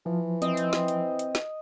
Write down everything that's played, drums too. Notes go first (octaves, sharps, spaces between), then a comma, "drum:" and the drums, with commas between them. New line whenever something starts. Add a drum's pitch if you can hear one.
E3 F3
C4 D#5, drum: hi-hat
drum: hi-hat
drum: snare
drum: hi-hat
drum: hi-hat
drum: snare